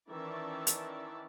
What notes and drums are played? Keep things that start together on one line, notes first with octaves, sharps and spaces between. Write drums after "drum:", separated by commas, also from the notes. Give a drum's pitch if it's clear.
D#3 E3 C#4 D5 E5 A5
drum: hi-hat